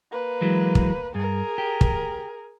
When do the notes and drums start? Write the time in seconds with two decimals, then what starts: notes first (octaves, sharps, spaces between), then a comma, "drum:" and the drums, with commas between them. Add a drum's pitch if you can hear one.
0.12 A#3 B4
0.41 E3 F#3 G#3
0.75 drum: kick
1.15 G2 G#4 A#4
1.58 G4
1.81 drum: kick